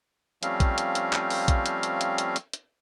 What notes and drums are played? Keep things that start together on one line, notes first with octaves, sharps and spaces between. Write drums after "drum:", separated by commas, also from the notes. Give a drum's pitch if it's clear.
F3 G3 A3 C4 C#4 F5, drum: hi-hat
drum: kick A#1, hi-hat
drum: hi-hat
drum: hi-hat
drum: clap
drum: open hi-hat
drum: kick A#1, hi-hat
drum: hi-hat
drum: hi-hat
drum: hi-hat
drum: hi-hat
drum: hi-hat
drum: hi-hat